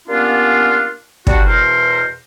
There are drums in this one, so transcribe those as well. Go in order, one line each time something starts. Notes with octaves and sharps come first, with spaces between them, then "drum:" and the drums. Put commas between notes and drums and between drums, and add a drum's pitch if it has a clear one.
G3 A#3 B3 C#4 D4 F4
G3 D4 F#4, drum: kick
E2 B2 A#4 C5